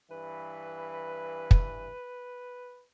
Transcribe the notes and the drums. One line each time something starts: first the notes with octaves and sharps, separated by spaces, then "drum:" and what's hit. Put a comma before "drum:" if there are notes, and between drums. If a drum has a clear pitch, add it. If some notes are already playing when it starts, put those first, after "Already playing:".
G2 E3 B4
drum: kick